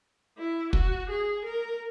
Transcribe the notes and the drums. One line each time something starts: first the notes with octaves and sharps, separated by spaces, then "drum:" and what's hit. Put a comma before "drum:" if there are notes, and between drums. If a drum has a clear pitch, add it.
E4
F#4, drum: kick
G#4
A#4